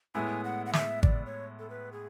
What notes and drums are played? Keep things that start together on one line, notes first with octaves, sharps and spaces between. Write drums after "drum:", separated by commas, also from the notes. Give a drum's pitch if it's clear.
A2 G#3 B3 E4 G#5
F#5
F#5
E5, drum: snare
D5, drum: kick G#1
C#5
A4
B4
G#4